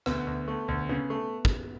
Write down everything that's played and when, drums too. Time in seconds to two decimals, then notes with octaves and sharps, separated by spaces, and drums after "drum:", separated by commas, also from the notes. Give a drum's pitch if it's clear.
0.06 D2 B3, drum: rim click
0.27 D2
0.48 A3
0.68 D2
0.89 C#3 B3
1.10 A3
1.45 drum: kick